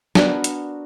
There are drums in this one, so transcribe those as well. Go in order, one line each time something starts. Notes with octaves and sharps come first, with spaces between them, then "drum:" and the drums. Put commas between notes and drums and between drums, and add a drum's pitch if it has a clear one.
B3 D4 F#4 A#4, drum: snare
drum: hi-hat